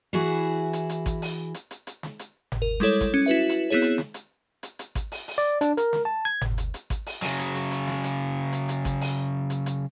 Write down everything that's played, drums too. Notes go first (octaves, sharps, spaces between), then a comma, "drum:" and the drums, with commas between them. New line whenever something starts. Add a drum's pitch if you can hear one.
E3 E4 F#4 G#4
drum: hi-hat
drum: hi-hat
drum: kick G#1, hi-hat
drum: open hi-hat
drum: hi-hat
drum: hi-hat
drum: hi-hat
drum: snare
drum: hi-hat
drum: tom G1
A#4
G3 G#3 E4 A4 C#5
drum: kick G#1, hi-hat
C#4
E4 F#4 B4 E5
drum: hi-hat
B3 C4 E4 G#4 C#5
drum: hi-hat
drum: snare
drum: hi-hat
drum: hi-hat
drum: hi-hat
drum: kick G#1, hi-hat
drum: open hi-hat
drum: open hi-hat
D5
D4, drum: hi-hat
A#4, drum: hi-hat
drum: snare
A5
G#6
drum: tom G1
drum: hi-hat
drum: hi-hat
drum: kick G#1, hi-hat
drum: open hi-hat
C#3 F#3, drum: open hi-hat
drum: hi-hat
drum: hi-hat
drum: hi-hat
drum: snare
drum: hi-hat
drum: hi-hat
drum: hi-hat
drum: kick G#1, hi-hat
drum: open hi-hat
drum: hi-hat
drum: hi-hat